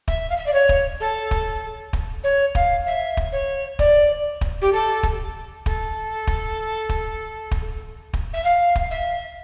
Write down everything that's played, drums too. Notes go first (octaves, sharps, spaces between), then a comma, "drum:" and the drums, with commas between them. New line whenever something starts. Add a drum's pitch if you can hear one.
E5, drum: kick
F5
E5
D5
C#5
drum: kick
A4
drum: kick
drum: kick
C#5
F5, drum: kick
E5
drum: kick
C#5
D5, drum: kick
drum: kick
G4
A4
drum: kick
A4, drum: kick
drum: kick
drum: kick
drum: kick
drum: kick
E5
F5
drum: kick
E5